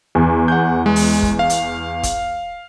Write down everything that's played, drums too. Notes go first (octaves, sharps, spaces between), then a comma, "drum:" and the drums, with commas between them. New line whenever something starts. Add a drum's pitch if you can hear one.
E2
F#5 G6
G#3
drum: open hi-hat
drum: kick
F5
drum: hi-hat
drum: kick, hi-hat